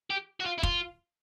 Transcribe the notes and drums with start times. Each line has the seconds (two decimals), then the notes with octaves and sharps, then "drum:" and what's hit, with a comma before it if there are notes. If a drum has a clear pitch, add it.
0.10 G4
0.40 F#4
0.45 F4
0.58 E4
0.63 F4, drum: kick